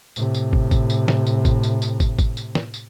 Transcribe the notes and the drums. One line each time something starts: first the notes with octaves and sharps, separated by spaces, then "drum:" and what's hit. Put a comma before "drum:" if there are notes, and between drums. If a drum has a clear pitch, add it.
A2 C3, drum: tambourine
drum: tambourine
drum: kick
drum: kick, tambourine
drum: tambourine
drum: snare
drum: tambourine
drum: kick, tambourine
drum: tambourine
drum: tambourine
drum: kick, tambourine
drum: kick, tambourine
drum: tambourine
drum: snare
drum: tambourine